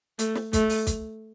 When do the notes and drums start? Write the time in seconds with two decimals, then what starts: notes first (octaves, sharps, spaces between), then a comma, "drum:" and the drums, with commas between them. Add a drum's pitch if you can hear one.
0.19 A3, drum: hi-hat
0.35 drum: snare
0.53 A3, drum: kick, hi-hat
0.69 drum: open hi-hat
0.87 drum: kick, hi-hat